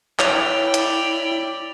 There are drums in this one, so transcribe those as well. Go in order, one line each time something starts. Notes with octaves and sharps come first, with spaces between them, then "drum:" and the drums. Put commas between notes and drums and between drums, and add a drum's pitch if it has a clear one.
E4 C#5 D5 G5 F7, drum: clap
drum: hi-hat